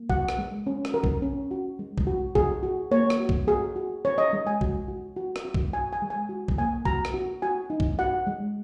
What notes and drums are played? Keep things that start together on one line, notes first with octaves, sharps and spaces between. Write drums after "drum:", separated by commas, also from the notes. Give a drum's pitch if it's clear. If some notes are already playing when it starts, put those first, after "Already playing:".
Already playing: A#3
F#4 F#5, drum: kick A#1
drum: rim click
G#3
C#4
drum: rim click
F#4 A#4
drum: kick A#1
C#4
F#4
G#3
drum: kick A#1
F#4
F#4 G#4, drum: kick A#1
F#4
A#3 C#5
drum: rim click
F#4
drum: kick A#1
F#4 G#4
F#4
C#4 C#5
D#5
G#3
G#5
F#4, drum: kick A#1
F#4
F#4
drum: rim click
F#4
drum: kick A#1
F#4 G#5
G#5
G#3
G#5
F#4
drum: kick A#1
A#3 G#5
F#4 A#5, drum: kick A#1
drum: rim click
F#4
F#4 G#5
D#4
drum: kick A#1
F#4 F#5
G#3